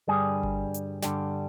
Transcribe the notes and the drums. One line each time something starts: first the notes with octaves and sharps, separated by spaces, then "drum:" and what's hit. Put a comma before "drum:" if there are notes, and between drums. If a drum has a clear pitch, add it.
G2 D3 G3 G#4
drum: kick G1
drum: hi-hat
G2 D3 G3, drum: snare